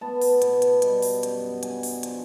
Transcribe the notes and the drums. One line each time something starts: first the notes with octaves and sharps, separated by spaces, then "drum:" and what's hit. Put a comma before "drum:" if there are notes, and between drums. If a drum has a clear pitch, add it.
B3 A5
drum: open hi-hat
B2, drum: hi-hat
drum: hi-hat
G3, drum: hi-hat
drum: open hi-hat
F#2, drum: hi-hat
D4 G#5, drum: hi-hat
drum: open hi-hat
F3, drum: hi-hat